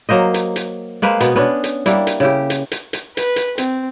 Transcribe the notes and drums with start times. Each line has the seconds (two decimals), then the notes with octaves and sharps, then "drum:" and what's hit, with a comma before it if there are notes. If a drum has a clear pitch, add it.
0.09 F#3 A#3 C5 D#5
0.34 drum: hi-hat
0.56 drum: hi-hat
1.02 G#3 A#3 B4 C5
1.20 B2 B3, drum: hi-hat
1.36 B3 C#4 D4
1.64 drum: hi-hat
1.86 G3 A#3 D4 E4, drum: hi-hat
2.07 drum: hi-hat
2.20 C#3 E4 G4
2.50 drum: hi-hat
2.72 drum: hi-hat
2.93 drum: hi-hat
3.17 B4, drum: hi-hat
3.36 drum: hi-hat
3.58 C4, drum: hi-hat